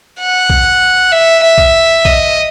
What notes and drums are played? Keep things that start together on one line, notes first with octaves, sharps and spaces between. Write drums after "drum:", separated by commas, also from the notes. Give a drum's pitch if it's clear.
F#5
drum: kick B1
E5
E5
drum: kick B1
D#5, drum: kick B1